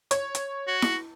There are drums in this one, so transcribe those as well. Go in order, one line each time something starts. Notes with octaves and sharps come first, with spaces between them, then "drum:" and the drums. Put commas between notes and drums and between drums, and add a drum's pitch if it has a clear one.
C#5, drum: hi-hat
drum: hi-hat
F#4
drum: snare E4